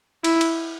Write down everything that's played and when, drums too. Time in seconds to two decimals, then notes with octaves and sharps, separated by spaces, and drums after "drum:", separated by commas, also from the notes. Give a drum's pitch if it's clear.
0.24 E4, drum: cymbal
0.41 drum: cymbal